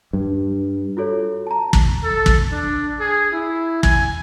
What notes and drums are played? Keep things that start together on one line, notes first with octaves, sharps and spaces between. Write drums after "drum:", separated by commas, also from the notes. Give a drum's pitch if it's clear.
G2
F4 F#4 A4 C#5
A5 A#5
drum: kick
A4
drum: kick
D4
G#4
E4
G#5, drum: kick